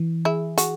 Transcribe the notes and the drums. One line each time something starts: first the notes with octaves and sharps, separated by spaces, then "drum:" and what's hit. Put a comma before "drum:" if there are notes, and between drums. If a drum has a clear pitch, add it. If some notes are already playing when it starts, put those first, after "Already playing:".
Already playing: E3
E4 G#4
F#4 G#4, drum: hi-hat